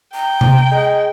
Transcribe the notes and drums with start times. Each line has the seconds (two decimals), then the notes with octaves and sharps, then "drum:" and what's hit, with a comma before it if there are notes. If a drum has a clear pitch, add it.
0.15 G5 A#5
0.41 drum: tom C3
0.71 G#3